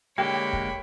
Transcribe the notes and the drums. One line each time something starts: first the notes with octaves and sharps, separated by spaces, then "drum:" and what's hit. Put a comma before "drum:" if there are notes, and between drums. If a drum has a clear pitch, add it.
D3 G#3 A#3 G4 C#5 G5 B5
drum: kick